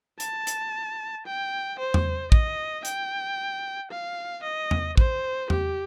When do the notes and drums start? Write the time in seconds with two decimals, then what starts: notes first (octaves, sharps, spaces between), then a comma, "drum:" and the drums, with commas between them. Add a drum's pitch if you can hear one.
0.20 A5, drum: hi-hat
0.47 drum: hi-hat
1.26 G5
1.79 C5
1.94 drum: tom E2
2.32 D#5, drum: kick
2.85 G5, drum: hi-hat
3.91 F5
4.43 D#5
4.71 drum: tom E2
4.98 C5, drum: kick
5.50 G4, drum: tom E2